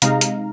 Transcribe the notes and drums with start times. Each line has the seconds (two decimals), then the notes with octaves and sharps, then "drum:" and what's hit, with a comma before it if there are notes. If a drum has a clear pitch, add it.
0.02 C3 G#3 D#4 F5 A#5, drum: hi-hat
0.21 drum: hi-hat